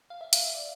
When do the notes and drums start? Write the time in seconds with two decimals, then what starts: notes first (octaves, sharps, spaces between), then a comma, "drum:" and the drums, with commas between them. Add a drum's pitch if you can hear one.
0.10 F5
0.21 E5
0.33 F5, drum: hi-hat
0.44 E5
0.55 D5